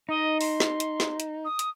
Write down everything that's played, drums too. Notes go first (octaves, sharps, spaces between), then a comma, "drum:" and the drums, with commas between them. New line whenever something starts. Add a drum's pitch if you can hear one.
D#4 D#5
C6, drum: open hi-hat
drum: snare
drum: hi-hat
drum: snare
drum: hi-hat
D#6
drum: hi-hat